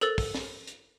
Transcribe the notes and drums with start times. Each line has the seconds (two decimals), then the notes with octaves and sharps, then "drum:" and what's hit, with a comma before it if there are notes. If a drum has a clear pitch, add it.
0.01 A4 A#4 C5 E6 A6, drum: hi-hat
0.18 drum: kick, open hi-hat
0.34 drum: snare
0.67 drum: hi-hat